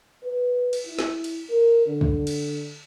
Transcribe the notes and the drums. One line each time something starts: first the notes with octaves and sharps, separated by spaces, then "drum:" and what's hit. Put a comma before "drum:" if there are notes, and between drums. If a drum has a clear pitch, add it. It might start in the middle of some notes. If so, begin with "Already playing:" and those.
B4
drum: cymbal
E4
drum: snare
drum: cymbal
A#4
D3
drum: kick
drum: cymbal